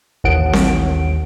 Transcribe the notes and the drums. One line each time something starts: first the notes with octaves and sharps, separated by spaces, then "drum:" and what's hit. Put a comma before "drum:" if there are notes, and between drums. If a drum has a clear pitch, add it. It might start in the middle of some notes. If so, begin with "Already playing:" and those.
A1 D#2 F#5 D7
drum: snare C4